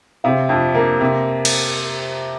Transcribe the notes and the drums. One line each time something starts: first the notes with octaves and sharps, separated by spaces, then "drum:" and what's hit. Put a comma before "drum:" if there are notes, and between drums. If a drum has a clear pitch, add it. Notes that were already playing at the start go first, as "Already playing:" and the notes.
C3 F5
F2
A#3
C3
drum: cymbal